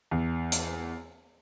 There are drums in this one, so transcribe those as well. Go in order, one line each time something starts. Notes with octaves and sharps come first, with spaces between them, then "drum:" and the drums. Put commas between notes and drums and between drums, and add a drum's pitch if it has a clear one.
E2
drum: hi-hat